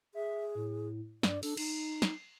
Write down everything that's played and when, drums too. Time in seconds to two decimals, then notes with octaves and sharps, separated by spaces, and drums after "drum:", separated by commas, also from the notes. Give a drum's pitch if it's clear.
0.15 G#4 E5
0.55 A2
1.23 G2 D5, drum: snare
1.43 D4 A4, drum: open hi-hat
1.57 D#4 C7, drum: cymbal
2.02 drum: snare